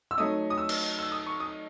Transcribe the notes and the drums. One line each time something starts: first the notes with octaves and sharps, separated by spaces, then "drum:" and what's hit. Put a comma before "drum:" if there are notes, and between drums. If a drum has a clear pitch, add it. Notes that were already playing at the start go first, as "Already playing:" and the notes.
E6
F#3 A3 D#4 D#6
D#6
E6
drum: cymbal
E6
D#6
C#6
D#6